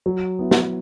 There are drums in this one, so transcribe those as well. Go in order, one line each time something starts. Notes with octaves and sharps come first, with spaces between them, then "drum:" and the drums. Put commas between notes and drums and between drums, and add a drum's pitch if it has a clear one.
F#3
B3 E4
drum: snare